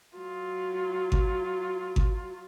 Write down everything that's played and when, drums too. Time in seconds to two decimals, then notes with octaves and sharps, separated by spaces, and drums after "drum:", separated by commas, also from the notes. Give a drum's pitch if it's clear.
0.17 F#3 F4
1.12 drum: kick G#1
1.96 drum: kick G#1